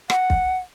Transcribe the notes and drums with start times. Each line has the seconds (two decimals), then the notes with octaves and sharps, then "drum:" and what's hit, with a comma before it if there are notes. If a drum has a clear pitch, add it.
0.10 F#5, drum: rim click
0.30 drum: kick